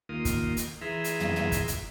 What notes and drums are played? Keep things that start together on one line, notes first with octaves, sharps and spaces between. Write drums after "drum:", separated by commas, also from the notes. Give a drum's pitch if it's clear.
D#2 A#3 F4 D#6
drum: kick, hi-hat
drum: hi-hat
E3 G#4 E5 A#5 C6
drum: hi-hat
drum: tom
drum: tom
drum: kick, hi-hat
drum: hi-hat